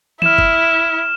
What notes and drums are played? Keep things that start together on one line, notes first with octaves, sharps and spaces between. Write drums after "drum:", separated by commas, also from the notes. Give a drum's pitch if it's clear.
E4 F6 E7, drum: tom D#3
drum: kick F#1